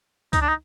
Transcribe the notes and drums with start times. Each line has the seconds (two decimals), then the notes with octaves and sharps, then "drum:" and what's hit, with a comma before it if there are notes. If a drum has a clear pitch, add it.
0.33 D#4, drum: kick C#2, hi-hat
0.42 D4
0.49 D#4